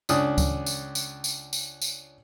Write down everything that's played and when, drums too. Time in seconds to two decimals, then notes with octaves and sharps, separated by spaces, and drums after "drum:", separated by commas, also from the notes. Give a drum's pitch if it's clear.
0.09 C#2 D4 D#6, drum: tambourine
0.38 drum: kick D2, tambourine
0.66 drum: tambourine
0.95 drum: tambourine
1.24 drum: tambourine
1.53 drum: tambourine
1.82 drum: tambourine